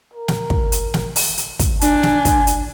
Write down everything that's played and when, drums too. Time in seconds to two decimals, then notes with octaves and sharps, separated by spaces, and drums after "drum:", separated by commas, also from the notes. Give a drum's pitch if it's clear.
0.14 A#4
0.28 drum: snare
0.50 drum: kick
0.72 drum: hi-hat
0.94 drum: snare
1.16 drum: open hi-hat
1.38 drum: hi-hat
1.59 drum: kick, hi-hat
1.81 D4 G#5, drum: hi-hat
2.03 drum: snare
2.25 drum: kick, hi-hat
2.47 drum: hi-hat